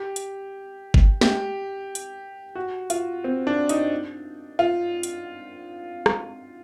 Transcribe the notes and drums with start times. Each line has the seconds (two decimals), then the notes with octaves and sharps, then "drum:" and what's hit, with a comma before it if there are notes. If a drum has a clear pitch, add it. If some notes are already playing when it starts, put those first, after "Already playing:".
Already playing: G4
0.16 drum: hi-hat
0.94 drum: kick G1
1.21 G4, drum: snare
1.95 drum: hi-hat
2.55 F#4
2.90 F4, drum: hi-hat
3.24 C4
3.47 D4
3.69 D#4, drum: hi-hat
4.59 F4
5.03 drum: hi-hat
6.06 drum: rim click